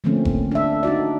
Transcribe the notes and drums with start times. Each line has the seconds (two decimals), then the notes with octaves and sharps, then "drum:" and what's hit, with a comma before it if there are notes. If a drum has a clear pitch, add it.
0.04 D3 F3 A3 A#3 C4 C#4
0.25 drum: kick F1
0.51 D4 E5
0.83 D4 D#4 F#4 D5